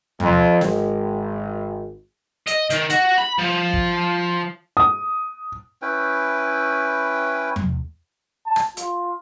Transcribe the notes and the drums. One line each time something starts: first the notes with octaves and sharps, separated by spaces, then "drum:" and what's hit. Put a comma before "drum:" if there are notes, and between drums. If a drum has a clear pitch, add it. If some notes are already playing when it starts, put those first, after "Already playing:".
F2, drum: tom E2
G#1, drum: snare
D#5, drum: hi-hat
D#3, drum: hi-hat
F#4, drum: hi-hat
B5
F3
drum: kick
D#6
C#4 E4 B4 G5
drum: tom E2
A5
drum: rim click
F4, drum: hi-hat